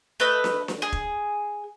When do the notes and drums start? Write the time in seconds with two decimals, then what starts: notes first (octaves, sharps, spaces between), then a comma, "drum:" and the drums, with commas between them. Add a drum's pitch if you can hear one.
0.20 A3 B4 D#5
0.44 drum: snare D4
0.68 drum: snare D4
0.82 G#4
0.92 drum: kick E1